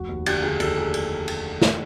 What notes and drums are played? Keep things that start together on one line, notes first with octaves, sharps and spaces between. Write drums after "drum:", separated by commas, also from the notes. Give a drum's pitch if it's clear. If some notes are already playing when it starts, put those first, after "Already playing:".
Already playing: F1 F#4
D#2
D3 G4, drum: cymbal
D3 G#4
D#2 A4, drum: cymbal
G#4
drum: cymbal
drum: cymbal
drum: snare